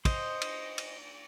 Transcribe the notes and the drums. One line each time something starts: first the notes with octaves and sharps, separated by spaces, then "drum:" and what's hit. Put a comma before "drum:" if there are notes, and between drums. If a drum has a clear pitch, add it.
C5 D#5, drum: kick, cymbal
drum: cymbal
drum: cymbal